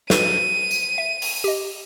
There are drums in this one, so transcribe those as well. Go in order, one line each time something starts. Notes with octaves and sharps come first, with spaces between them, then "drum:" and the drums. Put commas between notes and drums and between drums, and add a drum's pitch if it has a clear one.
F#4 A4 B4 D#7, drum: snare
drum: tambourine
E5
drum: open hi-hat
G4 D#5, drum: tambourine